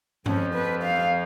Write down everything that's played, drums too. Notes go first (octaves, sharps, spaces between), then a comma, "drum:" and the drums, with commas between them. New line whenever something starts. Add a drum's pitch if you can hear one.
F2 F3 C#4, drum: tom G2
B4
F5